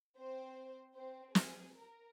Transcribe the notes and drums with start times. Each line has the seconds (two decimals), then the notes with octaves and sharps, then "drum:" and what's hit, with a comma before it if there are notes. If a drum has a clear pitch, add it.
0.18 C4 C5
0.96 C4 C5
1.35 G#4, drum: snare
1.74 A#4